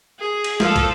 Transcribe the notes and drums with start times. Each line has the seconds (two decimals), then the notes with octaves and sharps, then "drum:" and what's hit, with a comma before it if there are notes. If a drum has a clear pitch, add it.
0.19 G#4
0.44 drum: cymbal
0.60 F3 A4, drum: snare
0.76 drum: kick, cymbal